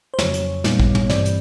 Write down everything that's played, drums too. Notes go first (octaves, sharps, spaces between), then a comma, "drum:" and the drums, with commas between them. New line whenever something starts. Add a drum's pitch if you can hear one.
C5
F2 C#3 F#3 C#5, drum: snare
drum: hi-hat
A#2 G3 B3 D#4, drum: snare
drum: kick A1
drum: tom
G2 E3 G3 C4 D5, drum: snare
drum: hi-hat